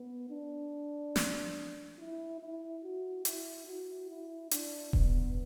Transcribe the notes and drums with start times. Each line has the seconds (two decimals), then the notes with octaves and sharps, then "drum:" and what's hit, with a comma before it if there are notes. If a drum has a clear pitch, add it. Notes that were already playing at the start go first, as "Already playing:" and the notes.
Already playing: B3
0.30 D4
1.16 drum: snare
1.99 E4
2.40 E4
2.83 F#4
3.25 E4, drum: hi-hat
3.67 F#4
4.09 E4
4.51 D4, drum: hi-hat
4.93 B3, drum: kick D#1